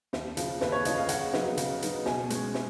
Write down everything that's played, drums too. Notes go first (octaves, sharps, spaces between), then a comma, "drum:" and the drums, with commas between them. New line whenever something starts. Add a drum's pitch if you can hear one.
D#2, drum: snare
C#3 F3, drum: hi-hat
D#2 B4, drum: snare
C#5
C#3 F3 D#5, drum: hi-hat
F5
C#3 F#5, drum: hi-hat
F#3 B3 D#4, drum: snare
C#3, drum: hi-hat
F#3 B3 D#4, drum: hi-hat
B2 G#5, drum: snare
G#3 C#4, drum: hi-hat
drum: snare